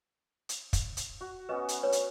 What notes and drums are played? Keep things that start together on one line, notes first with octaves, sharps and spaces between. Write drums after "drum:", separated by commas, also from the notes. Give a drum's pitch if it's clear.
drum: hi-hat
drum: kick, hi-hat
drum: hi-hat
F#4
B3 C#4 F#4 B4 D#5
drum: hi-hat
D4 B4 C#5
drum: hi-hat